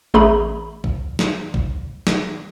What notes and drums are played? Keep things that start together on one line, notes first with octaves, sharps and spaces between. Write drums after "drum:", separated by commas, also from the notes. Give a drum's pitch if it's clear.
A1 A3 G#4 A#5 B5
drum: kick
drum: snare
drum: kick
drum: snare